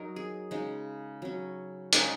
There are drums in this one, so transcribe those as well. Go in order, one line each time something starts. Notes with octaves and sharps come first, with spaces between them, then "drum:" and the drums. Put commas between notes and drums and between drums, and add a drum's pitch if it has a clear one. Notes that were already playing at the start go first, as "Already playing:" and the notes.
Already playing: F#3 D#4 A#4
G#4
C#3 G#3 D#4
F#3 C#4
C#3 G#3 D#4, drum: hi-hat